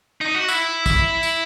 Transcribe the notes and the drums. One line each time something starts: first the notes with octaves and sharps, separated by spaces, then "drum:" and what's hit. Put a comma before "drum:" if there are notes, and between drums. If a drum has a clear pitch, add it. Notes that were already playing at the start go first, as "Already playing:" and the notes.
D#4
F#4
E4, drum: tambourine
drum: kick, tambourine
drum: tambourine